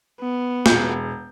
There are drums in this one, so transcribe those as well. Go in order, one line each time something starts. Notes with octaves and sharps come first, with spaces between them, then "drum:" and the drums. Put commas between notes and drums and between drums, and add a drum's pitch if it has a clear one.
B3
E1 G6, drum: snare